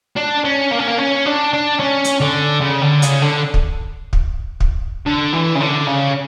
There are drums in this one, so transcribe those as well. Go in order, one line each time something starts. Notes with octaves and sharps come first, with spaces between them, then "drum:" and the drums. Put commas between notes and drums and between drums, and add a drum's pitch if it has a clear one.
D4
C#4
A#3
C#4
A#3
C#4
D4
D4
C#4
drum: hi-hat
D3
C#3
D3
C#3, drum: hi-hat
D3
drum: kick
drum: kick
drum: kick
D3
E3
C#3
D3
C#3